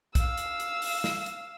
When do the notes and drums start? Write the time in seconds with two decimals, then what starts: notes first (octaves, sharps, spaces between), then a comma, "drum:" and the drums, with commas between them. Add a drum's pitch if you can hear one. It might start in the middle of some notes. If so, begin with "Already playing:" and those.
0.15 F5 E6, drum: kick, hi-hat
0.37 drum: hi-hat
0.60 drum: hi-hat
0.82 drum: open hi-hat
1.04 drum: snare
1.26 drum: hi-hat